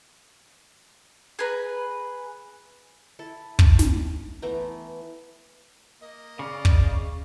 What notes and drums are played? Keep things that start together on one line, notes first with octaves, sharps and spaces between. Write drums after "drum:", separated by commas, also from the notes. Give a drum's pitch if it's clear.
G#4 B4 A#5
E4 A4
drum: kick
drum: snare
E3 A3 B3 A#5
A#3 D#5
C#3 D5 F5
drum: kick